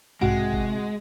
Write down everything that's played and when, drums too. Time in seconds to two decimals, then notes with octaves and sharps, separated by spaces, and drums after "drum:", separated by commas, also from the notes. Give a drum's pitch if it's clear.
0.21 B1 G#2 C3 G#3 F#4 D7
0.53 drum: kick G#1